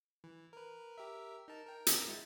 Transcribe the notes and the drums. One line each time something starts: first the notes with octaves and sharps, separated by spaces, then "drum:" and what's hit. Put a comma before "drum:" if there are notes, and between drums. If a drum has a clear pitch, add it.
E3
A#4 B4
G4 A#4 E5
D#4 A#4 A5
A#4 G5
drum: hi-hat
G#3 E4 A6